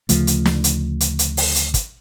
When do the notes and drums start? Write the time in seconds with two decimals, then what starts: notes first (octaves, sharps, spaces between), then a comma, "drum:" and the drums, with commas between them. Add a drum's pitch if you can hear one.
0.09 D2 C#3 F3 A3, drum: hi-hat
0.27 drum: hi-hat
0.46 drum: snare
0.64 drum: hi-hat
1.00 drum: hi-hat
1.19 drum: hi-hat
1.37 drum: open hi-hat
1.55 drum: hi-hat
1.74 drum: kick, hi-hat